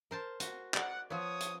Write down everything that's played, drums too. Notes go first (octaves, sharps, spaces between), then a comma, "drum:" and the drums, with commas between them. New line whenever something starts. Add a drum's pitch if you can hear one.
A#4 C5 A5
F#4, drum: hi-hat
D5 F#5, drum: clap
F3 B3 C#5 D#6
drum: hi-hat